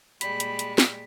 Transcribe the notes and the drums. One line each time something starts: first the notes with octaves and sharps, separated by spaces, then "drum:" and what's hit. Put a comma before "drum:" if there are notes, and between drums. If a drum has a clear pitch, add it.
A#2 G3 G#3 B5 B6, drum: hi-hat
drum: hi-hat
drum: hi-hat
drum: snare